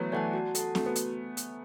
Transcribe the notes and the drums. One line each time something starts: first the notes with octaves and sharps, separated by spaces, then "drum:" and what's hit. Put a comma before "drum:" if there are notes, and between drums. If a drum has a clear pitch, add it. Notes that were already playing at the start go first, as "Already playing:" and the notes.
Already playing: E3 F#3 A3 B3
E3 A3 D5 F#5 A5
F#4
A4 F#5 A5, drum: hi-hat
A3 F#4, drum: snare C4
B3
drum: hi-hat
drum: hi-hat